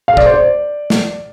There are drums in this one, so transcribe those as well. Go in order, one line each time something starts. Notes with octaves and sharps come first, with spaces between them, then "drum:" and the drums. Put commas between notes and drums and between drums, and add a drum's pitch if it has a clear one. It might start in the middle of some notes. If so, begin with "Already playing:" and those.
F5
D5, drum: kick
C5
D5
drum: snare